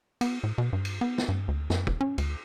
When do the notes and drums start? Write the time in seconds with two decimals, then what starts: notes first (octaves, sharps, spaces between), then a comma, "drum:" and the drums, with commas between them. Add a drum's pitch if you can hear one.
0.21 B3, drum: cymbal
0.43 A2
0.58 B2
0.73 G2
0.85 drum: cymbal
1.01 B3
1.18 drum: snare
1.29 G2
1.48 D2
1.70 F#2, drum: snare
1.87 E1, drum: kick
2.01 C#4
2.18 D2, drum: cymbal